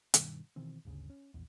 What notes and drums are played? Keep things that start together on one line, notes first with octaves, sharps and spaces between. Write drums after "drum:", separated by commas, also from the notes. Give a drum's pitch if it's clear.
G2 B2 D#3, drum: hi-hat
B2 D#3 E3 C4
G1 D2 C#3
C#4
A#1 E2